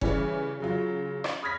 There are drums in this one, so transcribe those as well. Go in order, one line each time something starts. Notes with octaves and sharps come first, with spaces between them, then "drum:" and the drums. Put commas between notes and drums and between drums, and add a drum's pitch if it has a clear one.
C#3 E3 G3 C#4, drum: kick F#1
C#3 F#3 F4
drum: rim click
B5 D#6 F6 G#6 A#6 B6